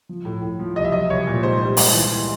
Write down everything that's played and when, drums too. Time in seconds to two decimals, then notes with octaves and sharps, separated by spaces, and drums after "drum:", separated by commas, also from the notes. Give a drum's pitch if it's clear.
0.09 F3
0.25 A2
0.42 A2
0.59 F3
0.76 C2 D#5
0.85 E5
0.92 F#3 D#5
1.10 C2 C#5
1.27 A#2
1.43 G#2 C5
1.61 G3
1.77 G#2, drum: open hi-hat
1.94 E3